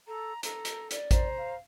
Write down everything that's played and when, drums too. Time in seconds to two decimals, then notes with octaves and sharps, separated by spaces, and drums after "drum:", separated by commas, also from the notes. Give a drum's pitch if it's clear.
0.08 A4 A#5
0.43 A4 A#5, drum: hi-hat
0.65 drum: hi-hat
0.91 D5, drum: hi-hat
1.11 C5 A#5, drum: kick A1, hi-hat
1.38 F5